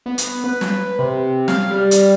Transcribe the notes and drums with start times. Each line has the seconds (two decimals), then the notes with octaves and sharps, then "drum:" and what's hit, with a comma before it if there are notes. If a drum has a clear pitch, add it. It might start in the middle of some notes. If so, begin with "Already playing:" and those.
0.06 B3
0.18 drum: hi-hat
0.44 B4
0.61 drum: snare
0.99 C3
1.48 F5, drum: snare
1.70 G3
1.91 drum: hi-hat